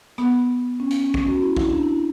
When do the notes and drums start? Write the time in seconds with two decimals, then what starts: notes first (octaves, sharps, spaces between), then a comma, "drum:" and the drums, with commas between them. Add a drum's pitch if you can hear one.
0.18 B3, drum: rim click
0.80 C#4
0.91 drum: hi-hat
1.01 C#4
1.14 C#4, drum: kick
1.28 F#4
1.42 E4
1.57 E4, drum: kick
1.69 D4
1.83 E4